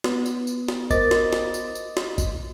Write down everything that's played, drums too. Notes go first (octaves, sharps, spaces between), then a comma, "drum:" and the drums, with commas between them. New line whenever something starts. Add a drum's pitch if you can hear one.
B3, drum: snare
drum: tambourine
drum: tambourine
drum: snare
A#4 C5 D#5 D6 A6, drum: kick G1, tambourine
drum: snare
drum: snare
drum: tambourine
drum: tambourine
drum: snare
drum: kick G1, tambourine